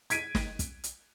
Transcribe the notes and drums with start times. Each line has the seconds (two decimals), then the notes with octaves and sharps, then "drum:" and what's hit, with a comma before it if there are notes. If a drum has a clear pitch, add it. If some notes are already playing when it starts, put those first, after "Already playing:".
0.10 G#6 B6 D7 D#7, drum: hi-hat
0.35 drum: snare
0.59 drum: kick, hi-hat
0.84 drum: hi-hat